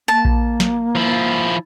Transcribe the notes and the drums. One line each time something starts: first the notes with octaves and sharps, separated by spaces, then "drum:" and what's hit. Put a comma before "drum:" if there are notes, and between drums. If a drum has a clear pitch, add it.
A#3 A5
drum: kick A#1
drum: snare
F3 E4